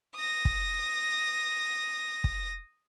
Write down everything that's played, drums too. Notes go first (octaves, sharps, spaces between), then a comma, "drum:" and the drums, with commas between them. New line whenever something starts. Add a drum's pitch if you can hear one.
D#6 A#6
drum: kick
drum: kick